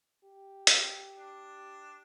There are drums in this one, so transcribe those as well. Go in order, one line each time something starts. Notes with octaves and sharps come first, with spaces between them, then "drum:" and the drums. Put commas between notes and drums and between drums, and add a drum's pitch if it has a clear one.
G4
drum: hi-hat
D4